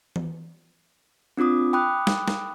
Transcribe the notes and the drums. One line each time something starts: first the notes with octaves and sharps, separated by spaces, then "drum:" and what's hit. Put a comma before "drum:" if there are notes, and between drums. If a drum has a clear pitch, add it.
drum: tom E3
C4 D4 F4 D6 D#6
G5 B5 D6 D#6 F#6
drum: snare
drum: snare